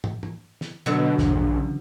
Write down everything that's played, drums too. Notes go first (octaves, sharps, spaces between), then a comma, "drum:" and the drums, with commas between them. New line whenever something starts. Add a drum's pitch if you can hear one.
drum: tom
drum: tom G#2
drum: snare
B2 D3 F#3
A#1 E2 G2 B2, drum: snare
C#3 E3